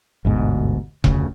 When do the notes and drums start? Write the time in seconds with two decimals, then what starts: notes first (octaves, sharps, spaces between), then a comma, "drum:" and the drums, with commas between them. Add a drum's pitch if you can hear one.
0.25 G1 D2 G#2 B2
1.04 F1 D2 C#3, drum: kick E1